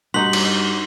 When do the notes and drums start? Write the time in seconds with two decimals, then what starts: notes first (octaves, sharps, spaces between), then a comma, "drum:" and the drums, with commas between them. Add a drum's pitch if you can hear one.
0.14 G2 D#4 F#4 C6 B6 F#7
0.33 drum: cymbal